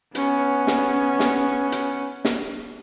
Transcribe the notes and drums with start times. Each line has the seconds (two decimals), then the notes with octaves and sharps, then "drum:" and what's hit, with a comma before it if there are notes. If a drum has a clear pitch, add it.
0.15 B3 C#4, drum: hi-hat
0.67 drum: snare
1.20 drum: snare
1.72 drum: hi-hat
2.25 drum: snare